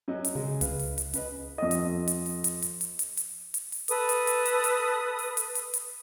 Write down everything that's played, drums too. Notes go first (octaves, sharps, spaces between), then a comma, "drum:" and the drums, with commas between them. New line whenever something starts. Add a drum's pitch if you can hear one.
F#2 F#3 D#5
drum: hi-hat
C#3 G#3
C#2 B4 F5, drum: hi-hat
drum: open hi-hat
drum: hi-hat
C#3 B4 D#5, drum: hi-hat
F2 D#5
drum: hi-hat
drum: hi-hat
drum: open hi-hat
drum: hi-hat
drum: hi-hat
drum: hi-hat
drum: hi-hat
drum: hi-hat
drum: hi-hat
drum: open hi-hat
A4 B4 D#6, drum: hi-hat
drum: hi-hat
drum: hi-hat
drum: hi-hat
drum: hi-hat
drum: open hi-hat
drum: hi-hat
drum: hi-hat
drum: hi-hat